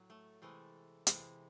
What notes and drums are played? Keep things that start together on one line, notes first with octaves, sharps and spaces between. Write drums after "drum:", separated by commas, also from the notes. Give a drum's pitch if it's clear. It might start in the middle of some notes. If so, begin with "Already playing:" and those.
Already playing: A2 F#3
A3
C3 E3 G#3 A3
C3 E3 G#3, drum: hi-hat